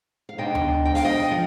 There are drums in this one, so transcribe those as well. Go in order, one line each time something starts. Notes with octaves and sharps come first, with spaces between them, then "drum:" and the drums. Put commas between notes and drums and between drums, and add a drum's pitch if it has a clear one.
F5
B2 G#3 B3 D4 D#5 G5
drum: tom D2
G5
F5, drum: open hi-hat
D#5 G5
F3